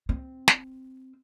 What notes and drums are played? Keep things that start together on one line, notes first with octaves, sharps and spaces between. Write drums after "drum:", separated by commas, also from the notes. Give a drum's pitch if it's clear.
C4
drum: snare